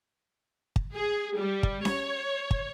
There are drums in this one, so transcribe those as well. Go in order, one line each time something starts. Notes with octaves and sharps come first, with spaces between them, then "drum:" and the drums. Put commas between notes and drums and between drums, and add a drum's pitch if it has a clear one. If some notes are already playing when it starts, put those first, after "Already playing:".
drum: kick
G#4
G3
drum: kick
C#5, drum: snare C#4
drum: kick